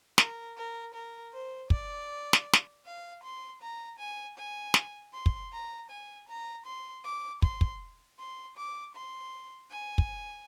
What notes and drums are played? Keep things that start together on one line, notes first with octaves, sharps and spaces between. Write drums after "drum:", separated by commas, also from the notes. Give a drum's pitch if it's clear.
A#4, drum: snare
A#4
A#4
C5
D5, drum: kick
drum: snare
drum: snare
F5
C6
A#5
G#5
G#5
drum: snare
C6
drum: kick
A#5
G#5
A#5
C6
D6
C6, drum: kick
drum: kick
C6
D6
C6
G#5
drum: kick